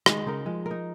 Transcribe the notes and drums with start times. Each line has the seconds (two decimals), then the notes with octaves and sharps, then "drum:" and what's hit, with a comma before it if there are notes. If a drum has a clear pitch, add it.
0.06 D#3 G#3 D#4, drum: rim click
0.26 C#3 C#4 D#4 A#4
0.46 F3 G#3 F4
0.66 D#4 A#4